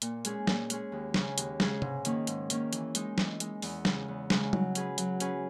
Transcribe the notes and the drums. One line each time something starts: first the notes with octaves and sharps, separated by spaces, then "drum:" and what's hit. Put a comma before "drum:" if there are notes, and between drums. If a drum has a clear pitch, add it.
A#2, drum: hi-hat
G#3 C#4 G#4, drum: hi-hat
A#2, drum: snare
G#3 C#4 G#4, drum: hi-hat
D#2
C#3 G#3 C#4 G#4, drum: snare
D#2, drum: hi-hat
C#3 G#3 C#4 G#4, drum: snare
G#2, drum: tom C3
D#3 A#3 C#4, drum: hi-hat
G#2, drum: hi-hat
D#3 A#3 C#4, drum: hi-hat
E3, drum: hi-hat
G#3 D#4, drum: hi-hat
E3, drum: snare
G#3 D#4, drum: hi-hat
E2, drum: open hi-hat
C#3 G#3, drum: snare
E2
C#3 G#3, drum: snare
F#3, drum: tom G3
C#4 G#4 B4, drum: hi-hat
F#3, drum: hi-hat
C#4 G#4 B4, drum: hi-hat